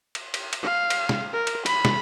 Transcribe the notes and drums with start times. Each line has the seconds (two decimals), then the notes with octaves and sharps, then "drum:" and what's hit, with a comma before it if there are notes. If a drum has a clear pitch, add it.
0.15 drum: cymbal
0.34 drum: cymbal
0.53 drum: cymbal
0.63 F5
0.90 drum: cymbal
1.09 drum: snare
1.33 A#4
1.47 drum: cymbal
1.66 B5, drum: cymbal
1.85 drum: snare